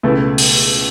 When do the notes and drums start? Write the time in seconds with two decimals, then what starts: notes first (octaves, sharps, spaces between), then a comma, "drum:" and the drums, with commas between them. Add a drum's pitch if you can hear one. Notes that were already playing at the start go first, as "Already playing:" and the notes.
0.03 C#2 B2 A3 E4
0.38 drum: open hi-hat